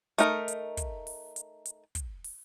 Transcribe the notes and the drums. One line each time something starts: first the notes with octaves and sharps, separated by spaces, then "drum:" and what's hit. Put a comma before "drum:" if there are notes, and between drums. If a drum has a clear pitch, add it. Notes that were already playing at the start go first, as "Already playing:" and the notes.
A3 D#4 A#4, drum: hi-hat
drum: hi-hat
drum: kick, hi-hat
drum: open hi-hat
drum: hi-hat
drum: hi-hat
drum: kick, hi-hat
drum: open hi-hat